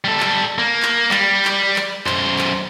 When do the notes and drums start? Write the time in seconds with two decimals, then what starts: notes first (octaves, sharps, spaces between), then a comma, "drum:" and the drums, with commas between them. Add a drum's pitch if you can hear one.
0.05 G3 A4
0.20 drum: clap
0.58 A#3
0.83 drum: clap
1.11 G3, drum: clap
1.45 drum: clap
1.76 drum: clap
2.06 F#2 C5, drum: clap
2.39 drum: clap